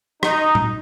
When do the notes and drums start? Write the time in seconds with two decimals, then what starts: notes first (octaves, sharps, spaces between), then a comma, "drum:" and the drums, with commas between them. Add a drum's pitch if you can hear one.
0.23 D#4, drum: rim click
0.55 drum: tom